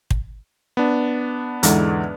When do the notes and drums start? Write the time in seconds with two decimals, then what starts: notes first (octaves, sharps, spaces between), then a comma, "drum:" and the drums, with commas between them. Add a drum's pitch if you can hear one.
0.11 drum: kick
0.77 B3 D4
1.63 E2 G#2 D3, drum: hi-hat